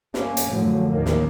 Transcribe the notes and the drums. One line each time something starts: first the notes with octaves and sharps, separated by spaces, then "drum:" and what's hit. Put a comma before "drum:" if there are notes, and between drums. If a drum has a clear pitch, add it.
G2 A#3 C#4, drum: snare
drum: hi-hat
F#2 A2 D3 F3 F#3
A1 D#2 D#3 A#3
drum: snare